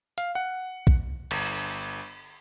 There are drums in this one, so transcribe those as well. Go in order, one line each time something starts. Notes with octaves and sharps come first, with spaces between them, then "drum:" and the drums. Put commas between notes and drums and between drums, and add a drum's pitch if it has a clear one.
F5, drum: hi-hat
F#5
drum: kick B1
G1, drum: cymbal